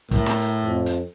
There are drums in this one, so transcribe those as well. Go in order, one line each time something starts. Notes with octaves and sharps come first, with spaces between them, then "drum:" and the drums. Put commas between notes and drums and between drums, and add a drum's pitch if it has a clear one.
A2 A#4, drum: kick, hi-hat
drum: snare
drum: hi-hat
F2
drum: hi-hat